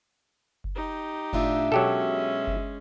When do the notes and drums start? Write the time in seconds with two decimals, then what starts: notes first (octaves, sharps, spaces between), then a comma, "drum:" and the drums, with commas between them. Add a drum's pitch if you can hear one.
0.64 drum: kick F#1
0.75 D#4 G4
1.33 A2 D4 F4 E5, drum: kick F#1
1.72 B2 F#3 G#3 C#4 G4 A4
2.47 drum: kick F#1